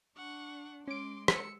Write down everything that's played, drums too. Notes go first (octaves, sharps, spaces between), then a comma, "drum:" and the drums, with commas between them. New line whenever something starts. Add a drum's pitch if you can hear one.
D4 F#5 C#6
G#3 C#4 C6 D6 D7
E6 C#7, drum: rim click